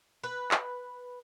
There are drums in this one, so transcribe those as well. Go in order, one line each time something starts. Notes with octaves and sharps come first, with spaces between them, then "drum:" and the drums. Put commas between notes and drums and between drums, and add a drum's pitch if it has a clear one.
B4
drum: clap